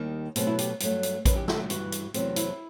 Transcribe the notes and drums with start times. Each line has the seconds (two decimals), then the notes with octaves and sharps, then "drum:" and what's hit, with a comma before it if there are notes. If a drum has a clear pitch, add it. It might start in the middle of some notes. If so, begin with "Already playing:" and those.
Already playing: D#2 D#3 G3
0.36 B2 F#3 A3 C4, drum: hi-hat
0.47 E4
0.59 G4, drum: hi-hat
0.80 G2 F#3 A3, drum: hi-hat
1.03 drum: hi-hat
1.25 F#2 D#3 F#3 B4, drum: kick A1, hi-hat
1.36 G4
1.48 A4, drum: snare
1.70 G2 E3 G3 F#4, drum: hi-hat
1.92 drum: hi-hat
2.14 E2 C3 F#3 A3 C4, drum: hi-hat
2.36 E4, drum: hi-hat